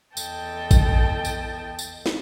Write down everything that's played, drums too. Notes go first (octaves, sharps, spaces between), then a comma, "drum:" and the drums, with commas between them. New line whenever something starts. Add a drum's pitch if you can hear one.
E2 A4 D#5 G5 A5, drum: tambourine
drum: kick, tambourine
drum: tambourine
drum: tambourine
drum: snare